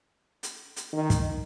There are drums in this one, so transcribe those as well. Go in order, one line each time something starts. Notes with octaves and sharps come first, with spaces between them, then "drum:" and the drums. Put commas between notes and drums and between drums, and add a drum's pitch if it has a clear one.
drum: hi-hat
drum: hi-hat
D#3
drum: kick, hi-hat